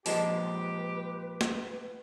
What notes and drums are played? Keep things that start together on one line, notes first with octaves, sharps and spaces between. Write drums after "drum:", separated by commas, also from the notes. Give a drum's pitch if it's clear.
A#2 F3 G#3 G4 B4 D#5 A5, drum: open hi-hat
drum: snare